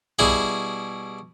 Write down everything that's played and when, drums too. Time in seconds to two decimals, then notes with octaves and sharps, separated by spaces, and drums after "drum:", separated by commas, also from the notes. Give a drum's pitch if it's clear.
0.19 B2 G3 E4 G#4, drum: tom B1